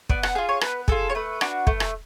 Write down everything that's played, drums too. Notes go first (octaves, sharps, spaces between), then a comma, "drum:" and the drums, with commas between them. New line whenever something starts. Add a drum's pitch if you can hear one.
B3 D5, drum: kick
F#5, drum: rim click
F4 G#4 F5
C#5
B3 B4, drum: rim click
F4 G#4 A4, drum: kick
C#5
A3 B4
D4 F#4, drum: rim click
A3, drum: kick
drum: rim click